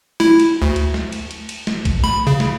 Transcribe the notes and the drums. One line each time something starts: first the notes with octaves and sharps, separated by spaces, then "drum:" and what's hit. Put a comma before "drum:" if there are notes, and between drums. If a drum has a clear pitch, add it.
E4, drum: snare
drum: cymbal
D2
drum: cymbal
drum: snare
drum: cymbal
drum: cymbal
drum: cymbal
drum: snare
drum: kick, cymbal
B5, drum: snare
C#3
drum: snare